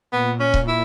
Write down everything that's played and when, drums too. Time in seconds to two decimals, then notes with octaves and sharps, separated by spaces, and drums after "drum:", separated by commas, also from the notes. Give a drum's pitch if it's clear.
0.12 A#2 B3
0.40 C#4
0.54 drum: kick C#1
0.68 E4